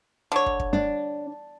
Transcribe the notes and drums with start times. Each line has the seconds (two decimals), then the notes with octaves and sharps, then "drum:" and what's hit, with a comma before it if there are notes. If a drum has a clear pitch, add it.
0.32 D3 C#5
0.46 drum: kick
0.60 drum: kick
0.73 D4